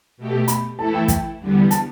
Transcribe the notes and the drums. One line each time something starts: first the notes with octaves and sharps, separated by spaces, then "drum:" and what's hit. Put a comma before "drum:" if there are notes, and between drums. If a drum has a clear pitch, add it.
B2 A3 G4
B5, drum: hi-hat
E3 A3 E4 A4 A5
G5
G5, drum: kick, hi-hat
E2 D3 G3 B3
A5, drum: hi-hat